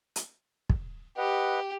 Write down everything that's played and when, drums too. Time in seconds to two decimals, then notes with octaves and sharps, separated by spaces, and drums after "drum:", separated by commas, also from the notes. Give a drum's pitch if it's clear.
0.16 drum: hi-hat
0.70 drum: kick
1.17 G4 B4 D#5 F#5